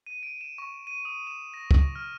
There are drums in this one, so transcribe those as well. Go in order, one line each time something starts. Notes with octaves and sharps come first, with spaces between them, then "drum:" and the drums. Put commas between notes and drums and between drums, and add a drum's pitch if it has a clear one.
D#7
D7
E7
C#6
D#7
D#6
E7
A#6
drum: kick
F6